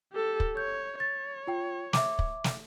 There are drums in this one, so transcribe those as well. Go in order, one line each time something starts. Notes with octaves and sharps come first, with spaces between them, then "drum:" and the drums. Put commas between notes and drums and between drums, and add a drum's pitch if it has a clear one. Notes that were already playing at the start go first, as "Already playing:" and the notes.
G4 A4
drum: kick
C#5 G6
C#5 A6
F4 G5
E5 D6, drum: snare
drum: kick
drum: snare